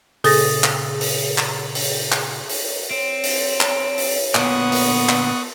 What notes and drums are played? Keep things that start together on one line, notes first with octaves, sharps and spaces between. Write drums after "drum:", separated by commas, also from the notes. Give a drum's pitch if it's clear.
A#2 C#3 G#4 A4 D#6 A6 A#6, drum: open hi-hat
drum: clap
drum: open hi-hat
drum: clap
drum: open hi-hat
drum: clap
drum: open hi-hat
C4 C#5
drum: open hi-hat
drum: clap
drum: open hi-hat
A#2 D3 B3 C#6 D#6 F#6, drum: clap
drum: open hi-hat
drum: clap